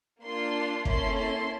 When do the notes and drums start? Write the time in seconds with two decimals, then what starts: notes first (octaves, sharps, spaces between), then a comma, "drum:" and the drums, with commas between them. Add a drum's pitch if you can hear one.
0.23 A#3 D4 F4 C6
0.85 A#3 C#4 E4 A4 C6, drum: kick
1.17 C6